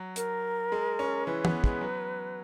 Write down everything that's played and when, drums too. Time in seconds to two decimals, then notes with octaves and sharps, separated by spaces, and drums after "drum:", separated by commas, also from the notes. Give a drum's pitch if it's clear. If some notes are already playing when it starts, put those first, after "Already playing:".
Already playing: F#3
0.16 A#4, drum: hi-hat
0.72 G#3
0.99 C#4
1.27 E3 B4
1.45 B3, drum: tom
1.64 G#3, drum: kick
1.81 F#3